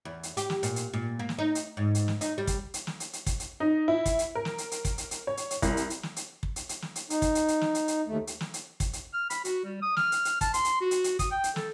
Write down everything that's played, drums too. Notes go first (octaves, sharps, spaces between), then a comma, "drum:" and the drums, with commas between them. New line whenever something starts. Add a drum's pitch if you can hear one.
E2
drum: hi-hat
G4, drum: hi-hat
drum: snare
A#2, drum: hi-hat
drum: hi-hat
A#2
A#3
drum: snare
D#4
drum: hi-hat
G#2
drum: hi-hat
drum: snare
D#4, drum: hi-hat
G3
drum: kick, hi-hat
drum: hi-hat
drum: snare
drum: hi-hat
drum: hi-hat
drum: kick, hi-hat
drum: hi-hat
D#4
E4
drum: kick, hi-hat
drum: hi-hat
A#4
drum: snare
drum: hi-hat
drum: hi-hat
drum: kick, hi-hat
drum: hi-hat
drum: hi-hat
C#5
drum: hi-hat
drum: hi-hat
C2, drum: kick, hi-hat
drum: hi-hat
drum: hi-hat
drum: snare
drum: hi-hat
drum: kick
drum: hi-hat
drum: hi-hat
drum: snare
drum: hi-hat
D#4, drum: hi-hat
drum: kick, hi-hat
drum: hi-hat
drum: hi-hat
drum: snare
drum: hi-hat
drum: hi-hat
D#2 A3
drum: hi-hat
drum: snare
drum: hi-hat
drum: kick, hi-hat
drum: hi-hat
F6
B5, drum: hi-hat
F#4, drum: hi-hat
G3
D#6
F6, drum: snare
drum: hi-hat
drum: hi-hat
A5, drum: kick, hi-hat
C6, drum: hi-hat
drum: hi-hat
F#4
drum: hi-hat
drum: hi-hat
D#6, drum: kick, hi-hat
G5
drum: hi-hat
A4, drum: snare